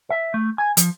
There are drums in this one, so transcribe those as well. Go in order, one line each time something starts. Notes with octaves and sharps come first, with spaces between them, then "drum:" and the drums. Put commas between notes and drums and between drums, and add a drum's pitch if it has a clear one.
E5
A3
G#5
F3, drum: hi-hat